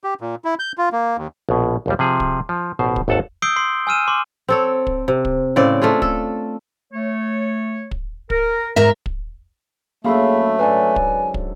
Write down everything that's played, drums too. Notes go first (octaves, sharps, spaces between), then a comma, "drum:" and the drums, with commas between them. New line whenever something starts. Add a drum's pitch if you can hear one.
G4
A#2
E4
G6
F4
A#3
D#2
A#1 B2
A#1 D#2 G3
C3 F3 G#4
drum: kick
F3
A1 B2 C5
drum: kick
G#1 D#2 A4 F#5 A5
D#6 E6 G6 C7 D7 G7
C6 C7
G#5 E6 F6 D#7 E7
C6 D6
C4 A4 C#5
drum: kick
C3
drum: kick
A2 C#3 C4 D5
A3 D4 F4 G#4
A4, drum: kick
A3 C#5
drum: kick
A#4, drum: kick
G#2 A#4 E5 A#5
drum: kick
F#2 D3 A3 A#3 G#4 E5 F5 B5
G#2 D3 F#3 B4 D5 G#5
drum: kick
drum: kick